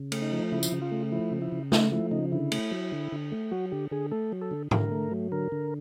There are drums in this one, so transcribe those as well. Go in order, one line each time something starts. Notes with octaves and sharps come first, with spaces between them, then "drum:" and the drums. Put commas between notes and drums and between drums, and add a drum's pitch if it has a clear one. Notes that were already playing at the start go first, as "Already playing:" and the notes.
Already playing: C#3
A3, drum: cymbal
D#4
F3
C#3 E4
drum: tambourine
C#3
F4
A3
F3 E4
C#3
E4
C#3
A3 D#4, drum: snare
F3 E4
C#3 D#4
D3 E4
A3, drum: cymbal
F#3
D3
D3
A3
F#3 F#4
D3 G4
D3 G#4
A3 A4
F#3
A4
D3
D3 A#4, drum: tom G#2
A3
F#3
D3 A#4
D3